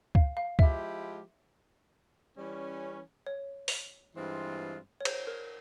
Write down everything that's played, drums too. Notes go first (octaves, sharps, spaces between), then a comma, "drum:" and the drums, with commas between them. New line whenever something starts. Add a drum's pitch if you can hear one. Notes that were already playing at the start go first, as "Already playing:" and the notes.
F5, drum: kick C#2
F5
F3 G#3 E4 G4 E5, drum: kick C#2
E3 G3 C#4
C#5
drum: open hi-hat
G2 E3 G#3 C4 F4
C#5
C5, drum: cymbal
A#4